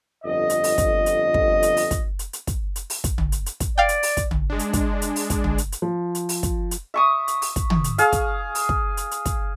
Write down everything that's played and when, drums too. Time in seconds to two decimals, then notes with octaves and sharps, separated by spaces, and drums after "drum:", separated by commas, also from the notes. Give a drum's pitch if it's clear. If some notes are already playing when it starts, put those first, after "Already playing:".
0.25 G1 F2 D#5
0.50 drum: hi-hat
0.64 drum: open hi-hat
0.78 drum: kick, hi-hat
1.06 drum: hi-hat
1.34 drum: kick
1.63 drum: hi-hat
1.77 drum: open hi-hat
1.91 drum: kick, hi-hat
2.19 drum: hi-hat
2.33 drum: hi-hat
2.47 drum: kick, hi-hat
2.76 drum: hi-hat
2.90 drum: open hi-hat
3.04 drum: kick, hi-hat
3.18 drum: tom
3.32 drum: hi-hat
3.46 drum: hi-hat
3.60 drum: kick, hi-hat
3.78 D5 F5 G5
3.89 drum: hi-hat
4.03 drum: open hi-hat
4.17 drum: kick, hi-hat
4.31 drum: tom
4.50 G#3 D4
4.59 drum: hi-hat
4.73 drum: kick, hi-hat
5.02 drum: hi-hat
5.16 drum: open hi-hat
5.30 drum: kick, hi-hat
5.44 drum: tom
5.58 drum: hi-hat
5.72 drum: hi-hat
5.82 F3
6.15 drum: hi-hat
6.29 drum: open hi-hat
6.43 drum: kick, hi-hat
6.71 drum: hi-hat
6.94 E5 C#6 D#6
7.28 drum: hi-hat
7.42 drum: open hi-hat
7.56 drum: kick, hi-hat
7.70 drum: tom
7.84 drum: hi-hat
7.98 G#4 F5, drum: hi-hat
8.12 drum: kick, hi-hat
8.55 drum: open hi-hat
8.69 drum: kick
8.97 drum: hi-hat
9.11 drum: hi-hat
9.26 drum: kick, hi-hat